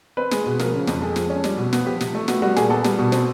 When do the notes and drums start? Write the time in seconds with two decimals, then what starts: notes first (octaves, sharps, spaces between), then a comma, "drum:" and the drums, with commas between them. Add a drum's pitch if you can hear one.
0.17 C4 B4
0.31 G#3, drum: snare
0.46 B2
0.59 F3 A#4, drum: snare
0.73 C#3
0.87 F2, drum: snare
1.01 G#3 A4
1.16 F3, drum: snare
1.30 C#4
1.44 G3, drum: snare
1.57 B2
1.73 B3, drum: snare
1.86 F3 G4
2.01 C3, drum: snare
2.15 A3
2.28 B3 F#4, drum: snare
2.42 G3 F#4
2.56 A#2 G#4, drum: snare
2.70 B3 A4
2.84 G3, drum: snare
2.99 B2
3.12 C4, drum: snare